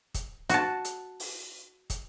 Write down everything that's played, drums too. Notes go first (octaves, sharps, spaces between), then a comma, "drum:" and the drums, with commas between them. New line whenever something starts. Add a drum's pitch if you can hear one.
drum: kick, hi-hat
F#4 A5, drum: hi-hat
drum: hi-hat
drum: open hi-hat
drum: kick, hi-hat